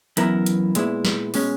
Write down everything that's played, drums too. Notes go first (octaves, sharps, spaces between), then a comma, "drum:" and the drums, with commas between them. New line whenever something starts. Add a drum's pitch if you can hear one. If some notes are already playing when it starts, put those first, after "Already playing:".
F#2 E3 B3 E4 A#4, drum: hi-hat
drum: hi-hat
A#2 G#3 B3 E4, drum: hi-hat
drum: snare
B2 G#3 C#4, drum: open hi-hat